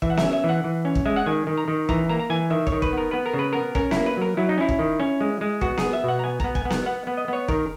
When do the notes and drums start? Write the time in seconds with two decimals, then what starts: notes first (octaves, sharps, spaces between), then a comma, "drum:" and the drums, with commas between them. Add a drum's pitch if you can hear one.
0.02 E3 E5, drum: kick
0.10 F#5
0.17 E5, drum: snare B3
0.23 C#4
0.33 E5
0.44 E3
0.49 F#5
0.64 E3
0.85 C#4
0.95 drum: kick
1.05 G#3 E5
1.16 F#5
1.26 D#3 G#5
1.47 D#3
1.58 A#5
1.68 D#3
1.89 E3 A#5, drum: kick
2.09 A#3 A#5
2.19 A#5
2.30 E3 G#5
2.50 D#3 E5
2.67 C#5, drum: kick
2.72 D#3
2.82 B4, drum: kick
2.93 B3 A#4
3.11 B3 B4
3.26 A#4
3.34 C#3
3.39 B4
3.53 B3 A#4
3.75 C#4 A#4, drum: kick
3.91 E4, drum: snare B3
3.96 A#3
4.06 B4
4.17 F#3 A#4
4.37 F#3 E4
4.49 D#4
4.58 C#4 E4
4.69 drum: kick
4.79 D#3
5.00 C#4
5.21 G#3
5.41 G#3
5.61 B3 F#4, drum: kick
5.77 B3 G#4, drum: snare B3
5.93 E5
6.04 B2 F#5
6.19 A#5
6.24 B3 G#5
6.40 B3 A#5, drum: kick
6.55 G#5, drum: kick
6.65 B3
6.70 F#5, drum: snare B3
6.86 B3 F#5
7.07 B3
7.17 D#5
7.28 B3 C#5
7.48 D#3 A#4, drum: kick